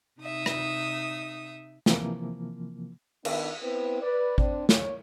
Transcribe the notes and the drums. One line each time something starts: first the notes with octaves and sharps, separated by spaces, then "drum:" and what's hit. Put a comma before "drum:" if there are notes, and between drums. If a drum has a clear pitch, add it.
C3 D#4 E5 D#6
drum: rim click
C3 E3 F3 A#3, drum: snare
D#3 B3 D4, drum: cymbal
B3 C4 E4 B4
B4 D5
C4 D4, drum: kick G#1
A#3 C#5, drum: snare